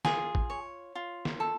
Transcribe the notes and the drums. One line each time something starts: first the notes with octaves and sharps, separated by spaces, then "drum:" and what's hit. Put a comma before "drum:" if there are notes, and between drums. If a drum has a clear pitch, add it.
F4 G#4 G#5, drum: snare
drum: kick
C#5
F4
drum: snare
A4